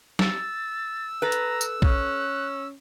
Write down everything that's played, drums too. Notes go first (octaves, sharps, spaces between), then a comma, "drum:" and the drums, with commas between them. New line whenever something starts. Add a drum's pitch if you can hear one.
E6 A6, drum: snare
A4 B4 A#5
drum: hi-hat
drum: tambourine
C#4 F#6, drum: kick